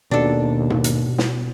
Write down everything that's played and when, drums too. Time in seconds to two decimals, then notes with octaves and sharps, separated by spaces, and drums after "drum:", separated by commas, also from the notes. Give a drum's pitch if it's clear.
0.11 D#2 B2 D4 A4
0.70 drum: tom G#2
0.84 drum: hi-hat
1.18 drum: snare